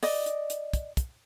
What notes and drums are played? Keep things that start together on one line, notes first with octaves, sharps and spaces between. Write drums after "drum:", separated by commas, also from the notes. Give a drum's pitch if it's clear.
D5 D#5, drum: open hi-hat
drum: hi-hat
drum: hi-hat
drum: kick, hi-hat
drum: kick, hi-hat